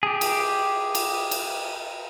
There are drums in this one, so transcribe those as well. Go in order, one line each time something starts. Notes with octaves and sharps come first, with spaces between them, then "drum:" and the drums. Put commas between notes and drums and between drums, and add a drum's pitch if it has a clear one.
G4 G#4
drum: cymbal
drum: cymbal
drum: cymbal